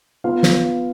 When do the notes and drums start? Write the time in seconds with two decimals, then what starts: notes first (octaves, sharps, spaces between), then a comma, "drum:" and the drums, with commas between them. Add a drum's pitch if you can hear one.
0.24 B3 F4 F5
0.43 drum: snare